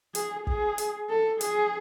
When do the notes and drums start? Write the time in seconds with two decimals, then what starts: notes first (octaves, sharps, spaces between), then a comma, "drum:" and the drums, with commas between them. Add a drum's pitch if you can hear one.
0.15 G#4, drum: hi-hat
0.47 G#4, drum: kick
0.78 drum: hi-hat
1.09 A4
1.41 G#4, drum: hi-hat